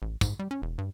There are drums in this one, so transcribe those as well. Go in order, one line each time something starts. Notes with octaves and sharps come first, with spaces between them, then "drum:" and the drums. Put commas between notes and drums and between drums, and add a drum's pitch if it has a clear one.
A1
G#2, drum: kick, tambourine
G3
C#4
E1
G2